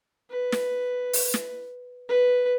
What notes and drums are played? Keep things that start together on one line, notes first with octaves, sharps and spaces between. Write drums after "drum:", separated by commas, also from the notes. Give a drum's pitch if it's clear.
B4
drum: snare
drum: open hi-hat
drum: snare
B4